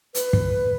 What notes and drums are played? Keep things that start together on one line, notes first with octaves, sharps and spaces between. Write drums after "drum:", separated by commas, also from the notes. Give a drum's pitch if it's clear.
B4, drum: hi-hat
drum: kick